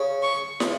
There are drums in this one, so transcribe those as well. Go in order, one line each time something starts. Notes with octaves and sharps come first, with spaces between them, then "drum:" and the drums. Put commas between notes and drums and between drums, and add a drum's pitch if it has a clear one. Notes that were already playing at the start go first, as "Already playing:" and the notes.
Already playing: C#3
C#6
drum: snare